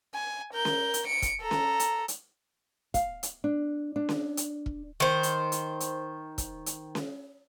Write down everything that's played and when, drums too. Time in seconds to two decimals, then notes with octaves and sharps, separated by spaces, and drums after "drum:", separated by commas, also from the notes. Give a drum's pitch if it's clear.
0.14 G#5
0.53 A#4 G6
0.65 drum: snare C#4
0.94 drum: hi-hat
1.07 C#7 D7
1.22 drum: kick, hi-hat
1.41 A4 A#5
1.51 drum: snare C#4
1.80 drum: hi-hat
2.08 drum: hi-hat
2.94 F5, drum: kick, hi-hat
3.23 drum: hi-hat
3.44 D4
3.96 D4
4.09 drum: snare C#4
4.37 drum: hi-hat
4.66 drum: kick
5.00 D#3 C5
5.23 drum: hi-hat
5.52 drum: hi-hat
5.80 drum: hi-hat
6.38 drum: kick, hi-hat
6.66 drum: hi-hat
6.95 drum: snare C#4